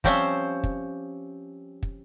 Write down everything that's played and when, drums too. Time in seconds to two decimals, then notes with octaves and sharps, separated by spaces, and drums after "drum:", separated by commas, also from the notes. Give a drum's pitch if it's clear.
0.04 F3 G3 C4 C#4 C5 E5, drum: kick
0.64 drum: kick
1.83 drum: kick